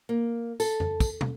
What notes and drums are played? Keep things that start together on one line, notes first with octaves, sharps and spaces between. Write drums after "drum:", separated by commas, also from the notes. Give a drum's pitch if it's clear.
A#3
A4, drum: tambourine
drum: tom F2
drum: kick, tambourine
drum: tom